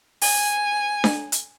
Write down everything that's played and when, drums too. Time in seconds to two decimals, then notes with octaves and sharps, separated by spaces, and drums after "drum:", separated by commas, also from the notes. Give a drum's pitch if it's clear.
0.21 G#5, drum: open hi-hat
1.04 drum: snare D4
1.32 drum: hi-hat